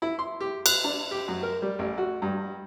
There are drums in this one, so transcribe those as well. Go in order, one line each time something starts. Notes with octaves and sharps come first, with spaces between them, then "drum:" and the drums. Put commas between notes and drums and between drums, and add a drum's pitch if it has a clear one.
E4
C6
G4
F#6, drum: cymbal
D4
G4
F#2
A#4
G3
A1
F#4
G2